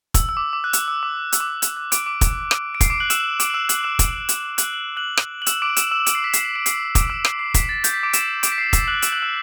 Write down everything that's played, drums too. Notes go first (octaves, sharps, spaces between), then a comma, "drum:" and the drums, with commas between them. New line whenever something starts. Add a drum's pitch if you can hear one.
E6, drum: kick, hi-hat
E6
D6
D6
F#6
E6, drum: hi-hat
E6
D6
E6, drum: hi-hat
D6
E6
F#6, drum: hi-hat
F#6
D6 D7, drum: hi-hat
D6 D7
drum: kick, hi-hat
drum: rim click
D7
C7, drum: kick, hi-hat
D6 D7
F#6 F#7
E6 E7, drum: hi-hat
D6 D7, drum: hi-hat
F#7
E6 E7
F#6 F#7, drum: hi-hat
E6 E7
drum: kick, hi-hat
drum: hi-hat
F#6 F#7, drum: hi-hat
F#7
F#6 F#7
drum: rim click
F#7
E6 E7, drum: hi-hat
D6 D7
E6 E7, drum: hi-hat
E6 E7
D7, drum: hi-hat
C7
B6
C7, drum: hi-hat
E7
D7
C7, drum: hi-hat
D6 D7, drum: kick, hi-hat
E6 E7
C7, drum: rim click
C7
B6, drum: kick, hi-hat
A6
G6, drum: hi-hat
B6
D6 D7
E6 E7, drum: hi-hat
D6 D7, drum: hi-hat
B6
C7
E6 E7, drum: kick, hi-hat
F#6 F#7
E6 E7, drum: hi-hat
F#6 F#7
E6 E7